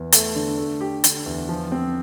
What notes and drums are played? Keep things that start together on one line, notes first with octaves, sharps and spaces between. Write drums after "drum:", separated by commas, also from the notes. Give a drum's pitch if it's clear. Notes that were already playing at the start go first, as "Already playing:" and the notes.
Already playing: E2
A3, drum: hi-hat
D3
A3
G4
D3, drum: hi-hat
E2
F3
C4